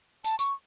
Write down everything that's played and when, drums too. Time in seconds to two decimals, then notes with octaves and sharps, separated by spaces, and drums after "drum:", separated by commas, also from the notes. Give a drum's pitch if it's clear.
0.24 A5, drum: tambourine
0.39 C#6, drum: tambourine